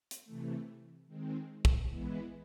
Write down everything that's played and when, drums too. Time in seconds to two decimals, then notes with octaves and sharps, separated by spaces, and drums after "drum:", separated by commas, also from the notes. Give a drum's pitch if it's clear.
0.11 drum: hi-hat
0.25 C3 E3 A3
1.07 D#3 G#3 C4
1.65 drum: kick
1.89 E3 G#3 B3 E4